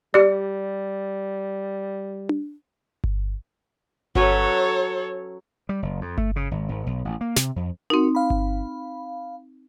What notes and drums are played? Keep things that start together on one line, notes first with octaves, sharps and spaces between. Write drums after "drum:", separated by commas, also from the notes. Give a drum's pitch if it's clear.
G3 G4 D5
drum: tom D4
drum: kick G1
F#3 C#4 A4 B4 C#5, drum: kick G1
G3
F#1
F2
A3, drum: kick G1
C#3
G#1
G#1
B1
A1
A#3
C3, drum: snare
F2
C4 D#4 F#4 A#4
F5 B5
drum: kick G1